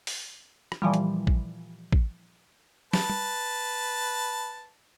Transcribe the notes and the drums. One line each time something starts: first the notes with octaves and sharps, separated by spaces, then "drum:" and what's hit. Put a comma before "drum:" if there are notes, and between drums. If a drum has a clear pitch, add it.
drum: open hi-hat
drum: rim click
A#2 E3 F3 G3
drum: hi-hat
drum: kick
drum: kick
B4 A5, drum: snare
drum: tom